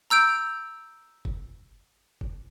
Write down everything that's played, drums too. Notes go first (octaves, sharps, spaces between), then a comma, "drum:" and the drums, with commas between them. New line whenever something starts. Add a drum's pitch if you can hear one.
A#5 E6 G6 D7
drum: kick F#1
drum: kick F#1